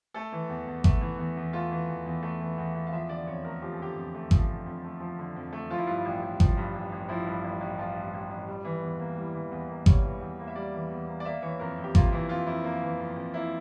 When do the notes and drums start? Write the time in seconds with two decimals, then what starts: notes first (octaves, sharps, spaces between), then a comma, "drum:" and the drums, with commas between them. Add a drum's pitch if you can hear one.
0.14 A3 A4
0.32 E3
0.49 E2
0.67 E2
0.84 A3, drum: kick G#1
1.01 E3
1.19 E2
1.37 E2
1.53 A3 F4
1.71 E3
1.89 E2
2.06 E2
2.23 A3
2.41 E3
2.58 E2
2.75 E2
2.87 F5
2.92 F3 E5
3.09 D3 D5
3.27 F2 C#5
3.45 A3 A#4
3.62 F3 G4
3.72 A4
3.79 D3 G4
3.96 F2
4.15 A3
4.31 F3, drum: kick G#1
4.49 D3
4.66 F2
4.84 A3
5.00 F3
5.19 D3
5.36 F2
5.53 A3
5.70 F3 F4
5.78 E4
5.87 G2 F4
6.05 A1
6.22 A1
6.40 F3, drum: kick G#1
6.57 G2
6.75 A1
6.92 A1
7.09 F3 E4
7.26 G2
7.44 A1
7.61 A1
7.78 F3 F4
7.95 G2
8.13 A1
8.31 A1
8.48 G3
8.65 E3
8.83 E2
8.99 A#3
9.17 G3 E4
9.34 E3
9.51 E2
9.69 A#3
9.86 G3 C#5, drum: kick G#1
10.04 E3
10.21 E2
10.39 A#3
10.47 E5
10.55 G3 D5
10.74 E3
10.91 E2
11.08 A#3
11.20 D5
11.25 A#3 E5
11.42 E3 C#5
11.60 F2 A#4
11.78 F2
11.84 G4
11.95 A#3 F4, drum: kick G#1
12.13 E3 E4
12.29 F2 F4
12.47 F2 E4
12.64 A#3
12.82 E3
12.99 F2
13.16 F2
13.34 A#3 E4